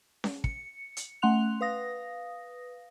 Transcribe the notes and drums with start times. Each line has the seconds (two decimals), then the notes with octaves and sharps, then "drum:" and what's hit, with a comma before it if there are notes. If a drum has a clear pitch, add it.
0.24 drum: snare C#4
0.44 C#7, drum: kick
0.97 drum: hi-hat
1.22 A3 C#4 F#5 C6 F#6 F7
1.61 B4 F5 D#6 A#6